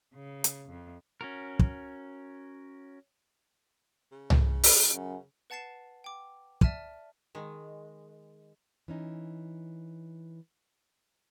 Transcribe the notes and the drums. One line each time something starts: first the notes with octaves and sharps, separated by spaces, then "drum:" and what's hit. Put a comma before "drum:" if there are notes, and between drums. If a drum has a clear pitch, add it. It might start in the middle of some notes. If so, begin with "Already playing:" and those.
C#3
drum: hi-hat
F2
C#4 F#4 A#4
drum: kick
C#3
drum: tom C2
drum: open hi-hat
F#2
B4 F#5 A5 A6 C7 E7
G5 D6
D5 E5 A5 F6 D#7, drum: kick
D#3 G#3
E3 C#4 D#4